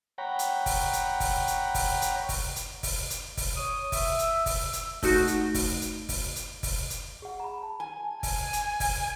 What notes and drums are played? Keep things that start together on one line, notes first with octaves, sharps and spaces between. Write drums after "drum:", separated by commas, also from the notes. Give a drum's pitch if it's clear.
C#5 F#5 G5 A#5 B5
drum: hi-hat
drum: kick F#1, open hi-hat
drum: hi-hat
drum: kick F#1, open hi-hat
drum: hi-hat
drum: kick F#1, open hi-hat
drum: hi-hat
drum: kick F#1, open hi-hat
drum: hi-hat
drum: kick F#1, open hi-hat
drum: hi-hat
drum: kick F#1, open hi-hat
C#5 D#6
E5, drum: kick F#1, open hi-hat
E6, drum: hi-hat
drum: kick F#1, open hi-hat
drum: hi-hat
A3 D#4 F#4, drum: kick F#1, open hi-hat
drum: hi-hat
drum: kick F#1, open hi-hat
drum: hi-hat
drum: kick F#1, open hi-hat
drum: hi-hat
drum: kick F#1, open hi-hat
drum: hi-hat
G#4 F#5
A#5 B5
A5
G#5
G#5, drum: kick F#1, open hi-hat
drum: hi-hat
drum: kick F#1, open hi-hat